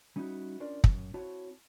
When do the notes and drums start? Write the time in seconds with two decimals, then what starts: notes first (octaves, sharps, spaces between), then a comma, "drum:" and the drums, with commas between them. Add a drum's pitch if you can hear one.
0.16 G3 C#4 D#4 E4 F#4
0.60 C#4 D4 F4 A#4 D5
0.84 F#2, drum: kick
1.14 C4 E4 F#4 C#5 A5